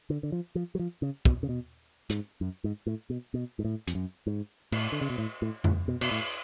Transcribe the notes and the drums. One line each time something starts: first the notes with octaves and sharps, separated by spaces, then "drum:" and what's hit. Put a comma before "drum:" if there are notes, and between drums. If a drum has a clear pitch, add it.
D3
D3
F3
F3
F#3
F3
C#3
B2, drum: kick
C#3
B2
G#2, drum: hi-hat
F#2
G#2
A2
B2
B2
G#2
A2
F2, drum: hi-hat
F#2
G#2
A2, drum: cymbal
D3
C#3
B2
A2
A2
A2, drum: tom F2
B2
B2, drum: cymbal
A2